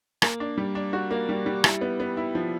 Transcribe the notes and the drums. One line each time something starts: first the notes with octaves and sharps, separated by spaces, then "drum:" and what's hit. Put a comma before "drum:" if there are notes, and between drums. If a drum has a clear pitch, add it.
A#3, drum: rim click
D4
G3
D4
F#4
A#3
G3
G3
E4, drum: rim click
B3
B3
E4
F3